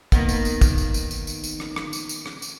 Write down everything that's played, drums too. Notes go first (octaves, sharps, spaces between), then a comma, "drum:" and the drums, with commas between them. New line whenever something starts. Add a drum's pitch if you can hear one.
D#3 A#3 B3, drum: kick, tambourine
drum: tambourine
drum: tambourine
drum: kick, tambourine
drum: tambourine
drum: tambourine
drum: tambourine
drum: tambourine
drum: tambourine
drum: rim click
drum: rim click
drum: tambourine
drum: tambourine
drum: rim click
drum: tambourine